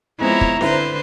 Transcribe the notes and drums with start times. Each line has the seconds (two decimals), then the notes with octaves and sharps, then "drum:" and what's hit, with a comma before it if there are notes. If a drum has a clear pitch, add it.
0.20 F3 G#3 B3 C4 E4 C#5 A#5
0.41 drum: kick
0.61 D3 C4 E4 B4 C5, drum: snare C#4